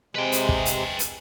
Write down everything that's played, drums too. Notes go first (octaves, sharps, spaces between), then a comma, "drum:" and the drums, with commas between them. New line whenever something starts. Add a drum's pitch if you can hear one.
C3 G#3 B4 G5
drum: hi-hat
drum: kick
drum: hi-hat
drum: hi-hat